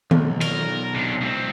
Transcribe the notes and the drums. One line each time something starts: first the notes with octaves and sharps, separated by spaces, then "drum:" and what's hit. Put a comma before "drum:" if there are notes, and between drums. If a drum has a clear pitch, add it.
B1, drum: tom D#3
A#4, drum: cymbal
C3 D4
C#2 C4